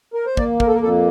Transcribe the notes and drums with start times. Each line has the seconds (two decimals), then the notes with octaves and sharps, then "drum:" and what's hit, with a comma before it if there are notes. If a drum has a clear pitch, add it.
0.13 A#4
0.26 C5
0.37 A#3 D5, drum: kick
0.60 A#4, drum: kick
0.67 A4
0.75 A#4
0.82 F2 A4